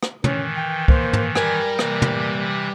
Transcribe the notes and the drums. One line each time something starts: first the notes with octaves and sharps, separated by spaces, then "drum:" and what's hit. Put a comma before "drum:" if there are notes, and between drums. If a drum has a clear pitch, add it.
drum: rim click
D#3 E3 C#4, drum: tom
G5
A#3 C5, drum: kick
drum: tom
G3 A#4 G#5, drum: rim click
C3 E3 A#3, drum: rim click
drum: tom